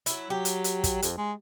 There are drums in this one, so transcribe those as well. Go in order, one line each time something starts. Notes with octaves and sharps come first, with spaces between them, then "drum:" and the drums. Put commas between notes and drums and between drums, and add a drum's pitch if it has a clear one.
F#3 E4, drum: hi-hat
F#3 G4
drum: hi-hat
drum: hi-hat
drum: kick, hi-hat
F2, drum: hi-hat
G#3